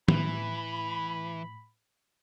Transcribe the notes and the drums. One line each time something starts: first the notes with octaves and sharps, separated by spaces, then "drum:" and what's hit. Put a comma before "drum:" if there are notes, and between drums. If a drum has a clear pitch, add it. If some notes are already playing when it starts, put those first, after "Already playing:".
A2 E3 B5, drum: tom D#3